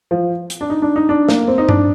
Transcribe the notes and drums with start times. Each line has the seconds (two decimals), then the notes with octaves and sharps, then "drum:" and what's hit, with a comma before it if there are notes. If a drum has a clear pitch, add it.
0.11 F3
0.50 drum: hi-hat
0.61 D4
0.70 D#4
0.82 D4
0.96 D#4
1.09 D4
1.28 A#3, drum: snare
1.48 C4
1.58 D#4
1.69 D4, drum: tom G2